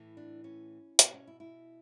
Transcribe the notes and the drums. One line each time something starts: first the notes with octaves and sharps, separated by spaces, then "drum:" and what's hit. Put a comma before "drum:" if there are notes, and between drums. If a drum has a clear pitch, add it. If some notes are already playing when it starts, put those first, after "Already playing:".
Already playing: A2 E3
D4
C#4
B2 B3, drum: hi-hat
C#4
E4
E4